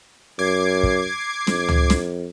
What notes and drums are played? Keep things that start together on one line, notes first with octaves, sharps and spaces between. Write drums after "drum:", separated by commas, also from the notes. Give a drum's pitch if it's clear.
F#2 D6 G#6 C7
drum: kick
F2, drum: snare
drum: tom C#2
drum: snare